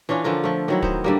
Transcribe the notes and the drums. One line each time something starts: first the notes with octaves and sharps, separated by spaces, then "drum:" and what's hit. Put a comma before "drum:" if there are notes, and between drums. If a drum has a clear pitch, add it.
E3 C#4 D4 F4
D3 F3 F4 A#4
F3 A3
D#3 F#3 E4
B3 C5, drum: kick
D3 G3 A#3